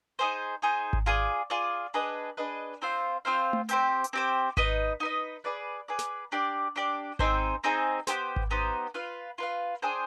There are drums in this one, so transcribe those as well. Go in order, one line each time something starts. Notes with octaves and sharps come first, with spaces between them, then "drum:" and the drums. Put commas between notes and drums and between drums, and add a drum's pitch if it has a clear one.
D#4 G#4 C5
D#4 G#4 C5
drum: kick G#1
F4 G#4 D5
F4 G#4 D5
D4 G#4 B4 D#5
D4 G#4 B4 D#5
C4 F4 C5 F5
C4 F4 C5 F5
drum: tom A3
C4 G4 C5, drum: hi-hat
drum: hi-hat
C4 G4 C5
D#4 B4 D#5, drum: kick G#1
D#4 B4 D#5
G#4 B4 D5
G#4 B4 D5
drum: snare
D4 G4 D5
D4 G4 D5
C4 D#4 G#4 C5, drum: kick G#1
C4 D#4 G#4 C5
B3 D#4 G4 C5, drum: snare
drum: kick G#1
B3 D#4 G4 C5
F4 B4 F5
F4 B4 F5
D4 G#4 C5 G5